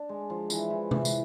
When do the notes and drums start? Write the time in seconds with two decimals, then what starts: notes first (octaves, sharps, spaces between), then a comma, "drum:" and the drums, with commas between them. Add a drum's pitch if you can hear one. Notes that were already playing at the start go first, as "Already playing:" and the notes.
Already playing: D4
0.09 G#3
0.30 F3
0.50 E3, drum: tambourine
0.70 E3
0.91 E3, drum: tom C3
1.05 drum: tambourine